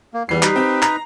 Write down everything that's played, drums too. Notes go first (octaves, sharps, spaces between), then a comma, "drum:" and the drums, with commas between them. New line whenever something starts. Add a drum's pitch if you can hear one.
A#3
E2 E3 G3 C7
G3 D#4 B4, drum: clap
C4 G4
A#5, drum: clap